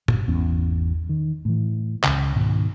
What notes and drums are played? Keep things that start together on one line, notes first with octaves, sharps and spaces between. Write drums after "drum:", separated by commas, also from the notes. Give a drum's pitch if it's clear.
G1, drum: tom
G#1 E2 B3 C#4
D#3
A2 E3
C#2 C#3, drum: clap
G#2 B2 D#3